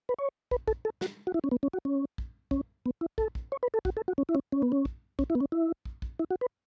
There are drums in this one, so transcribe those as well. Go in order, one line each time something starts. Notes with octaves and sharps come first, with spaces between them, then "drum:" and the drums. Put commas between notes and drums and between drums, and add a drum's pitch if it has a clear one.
B4
C#5
B4, drum: kick
A4, drum: kick
A4
F#4, drum: snare
F#4
E4
C#4
B3
C#4
F#4
C#4
drum: kick
C#4, drum: kick
B3
E4
A4, drum: kick
drum: kick
C#5
B4
A4
F#4, drum: kick
A4
F#4
C#4
E4
C#4
C#4
B3
C#4
drum: kick
C#4, drum: kick
E4
B3
C#4
E4
drum: kick
drum: kick
E4
F#4
B4